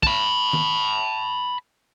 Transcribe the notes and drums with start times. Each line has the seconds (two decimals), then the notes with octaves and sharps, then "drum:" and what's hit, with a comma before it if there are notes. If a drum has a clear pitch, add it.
0.03 A5 B5, drum: kick
0.53 drum: tom D#3